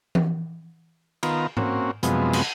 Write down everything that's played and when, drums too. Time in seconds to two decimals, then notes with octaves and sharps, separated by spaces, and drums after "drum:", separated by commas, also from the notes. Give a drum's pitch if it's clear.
0.15 drum: tom E3
1.23 D#3 B3 F4 A#5, drum: cymbal
1.57 A#3 C4 C#4 F#4, drum: tom G#2
2.03 F#2 C3 F3 G#3 B3, drum: hi-hat
2.33 drum: cymbal